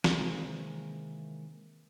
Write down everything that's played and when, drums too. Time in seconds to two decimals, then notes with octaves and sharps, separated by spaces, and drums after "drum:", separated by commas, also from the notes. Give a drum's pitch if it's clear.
0.04 C3 D#3 E3 G#3 A#3, drum: snare